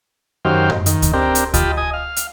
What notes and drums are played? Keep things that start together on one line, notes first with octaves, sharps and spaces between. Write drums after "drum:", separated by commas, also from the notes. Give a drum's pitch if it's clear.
F#2 D#3 G4 C5 F5
drum: tom F#2
D#3, drum: hi-hat
drum: kick D2, hi-hat
C4 D4 G4 A#4
drum: hi-hat
F4 G4 D#5 A5 B5, drum: kick D2, hi-hat
D#5 G#5 D#6
F5
drum: hi-hat